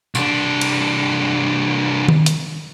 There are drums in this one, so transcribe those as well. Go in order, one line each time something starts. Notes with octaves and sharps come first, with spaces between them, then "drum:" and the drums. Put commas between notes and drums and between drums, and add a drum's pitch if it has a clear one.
C2 D4, drum: tambourine
drum: cymbal
drum: tom D#3
drum: hi-hat